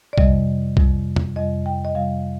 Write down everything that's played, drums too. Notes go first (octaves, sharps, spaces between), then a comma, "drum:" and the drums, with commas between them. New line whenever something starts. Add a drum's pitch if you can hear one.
D5
F2 C3 G3 D#5, drum: kick C2
F2 C3 G3, drum: kick C2
drum: tom
F2 C3 G3 D#5
G5
D#5
F2 C3 G3 F5